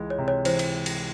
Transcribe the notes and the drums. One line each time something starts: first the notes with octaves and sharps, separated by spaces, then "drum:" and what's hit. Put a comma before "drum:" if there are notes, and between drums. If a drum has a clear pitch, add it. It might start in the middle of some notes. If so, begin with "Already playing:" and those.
Already playing: C#2 E3 G#3
C#5
C3
C#5
E3 C5, drum: cymbal
drum: cymbal
drum: cymbal